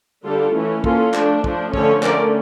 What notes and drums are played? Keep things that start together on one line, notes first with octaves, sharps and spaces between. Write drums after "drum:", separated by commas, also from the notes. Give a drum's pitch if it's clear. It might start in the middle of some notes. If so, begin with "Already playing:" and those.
D3 G3 D4 F4 A4
E3 A3 C#4
E3 A#3 C#4 F4 A4, drum: kick
F3 A3 D4, drum: clap
F3 A3 D4, drum: kick
D3 F3 A3 C#4 A4 C#5, drum: kick
D3 A3 C#4 A#4 D5, drum: clap